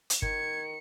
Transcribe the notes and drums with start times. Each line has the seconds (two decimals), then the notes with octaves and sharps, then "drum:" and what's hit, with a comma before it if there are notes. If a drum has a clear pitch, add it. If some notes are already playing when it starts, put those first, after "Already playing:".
0.10 drum: hi-hat
0.22 D#3 G#6 C#7, drum: kick G1